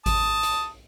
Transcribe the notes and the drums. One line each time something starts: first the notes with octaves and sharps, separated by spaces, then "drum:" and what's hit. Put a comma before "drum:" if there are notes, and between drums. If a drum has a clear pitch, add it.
A5 D#6, drum: kick G#1, hi-hat
drum: hi-hat